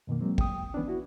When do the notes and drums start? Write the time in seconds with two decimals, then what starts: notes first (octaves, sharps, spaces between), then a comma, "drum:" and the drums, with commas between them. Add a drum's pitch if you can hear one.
0.07 F#2 B2 D#3 A#3
0.21 F#3 G#3 A#3 C4
0.38 G5 D#6, drum: kick
0.74 E3 B3 C#4 D4
0.88 E4 F#4